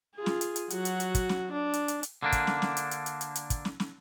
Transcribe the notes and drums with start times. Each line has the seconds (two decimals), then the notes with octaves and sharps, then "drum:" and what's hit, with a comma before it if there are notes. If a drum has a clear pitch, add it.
0.16 F4 G#4
0.26 drum: snare
0.41 drum: hi-hat
0.56 drum: hi-hat
0.70 F#3 F#4, drum: hi-hat
0.85 drum: hi-hat
1.00 drum: hi-hat
1.15 drum: kick, hi-hat
1.29 drum: snare
1.52 D4
1.73 drum: hi-hat
1.88 drum: hi-hat
2.03 drum: hi-hat
2.23 D3 A#3 D4
2.32 drum: kick, hi-hat
2.47 drum: snare
2.62 drum: snare
2.77 drum: hi-hat
2.91 drum: hi-hat
3.06 drum: hi-hat
3.21 drum: hi-hat
3.35 drum: hi-hat
3.50 drum: kick, hi-hat
3.65 drum: snare
3.80 drum: snare